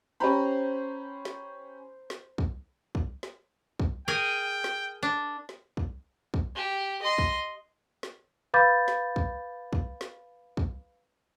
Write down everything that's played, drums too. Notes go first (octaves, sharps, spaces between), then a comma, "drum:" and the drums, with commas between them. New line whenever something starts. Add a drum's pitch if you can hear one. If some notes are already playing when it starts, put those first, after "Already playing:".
C#4 G4 C5 A#5 B5
drum: snare
drum: snare
drum: kick
drum: kick
drum: snare
drum: kick
G#4 A#4 G5 G#5
drum: snare
D4
drum: snare
drum: kick
drum: kick
G4
D#5 C6
drum: kick
drum: snare
B4 F5 B5 D6 G6 A6
drum: snare
drum: kick
drum: kick
drum: snare
drum: kick